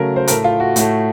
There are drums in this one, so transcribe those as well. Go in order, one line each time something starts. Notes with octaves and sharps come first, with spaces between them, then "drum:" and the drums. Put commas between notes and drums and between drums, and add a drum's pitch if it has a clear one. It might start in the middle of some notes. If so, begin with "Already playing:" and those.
Already playing: C#3 F#3 A3 A#4
C5
A2 A3 A#4, drum: hi-hat
F4
F#4
A2 A3, drum: hi-hat